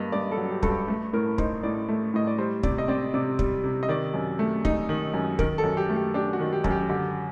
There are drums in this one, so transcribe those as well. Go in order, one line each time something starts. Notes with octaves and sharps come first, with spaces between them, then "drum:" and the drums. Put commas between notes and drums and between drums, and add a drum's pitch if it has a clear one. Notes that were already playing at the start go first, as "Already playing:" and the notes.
Already playing: G2 A#3 D#5
G2 D5
A4
F#3
G4
G2 A4, drum: kick
G4
A3 A4
A2 A#4
D#4 C5, drum: kick
A2 D5
A3
A2 D#5
D5
G3 C5
C3 D5, drum: kick
D#5
C4 D5
C3 D5
G3, drum: kick
C3
D#5
D#3 D5
F#2
A3
D#4, drum: kick
D#3
F#2
D#3 A#4, drum: kick
A4
F#2
G4
A3
G4
D4 G4
F#4
D#3
G4
F#2, drum: kick
G4
D3 G4